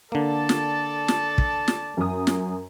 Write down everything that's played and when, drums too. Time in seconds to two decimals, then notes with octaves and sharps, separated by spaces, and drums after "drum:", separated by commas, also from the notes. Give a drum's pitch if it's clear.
0.12 D3 A#3 A4 D5 A5
0.49 drum: snare
1.08 drum: snare
1.38 drum: kick
1.68 drum: snare
1.97 F#2 D#6
2.27 drum: snare